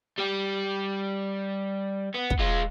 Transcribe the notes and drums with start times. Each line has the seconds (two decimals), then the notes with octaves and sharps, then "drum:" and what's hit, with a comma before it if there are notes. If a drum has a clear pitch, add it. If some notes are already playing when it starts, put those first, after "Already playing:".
0.19 G3 G4
2.15 B3
2.30 drum: kick
2.40 G#3 F4